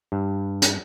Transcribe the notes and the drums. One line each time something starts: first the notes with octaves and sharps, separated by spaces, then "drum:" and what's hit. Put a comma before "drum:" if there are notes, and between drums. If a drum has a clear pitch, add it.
G2
drum: hi-hat